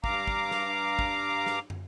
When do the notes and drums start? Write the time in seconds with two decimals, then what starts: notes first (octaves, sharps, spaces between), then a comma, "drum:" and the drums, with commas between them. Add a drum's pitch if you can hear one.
0.04 G2 F5 A#5 D6, drum: kick
0.27 drum: kick
0.51 drum: snare
0.99 drum: kick
1.46 drum: snare
1.70 drum: tom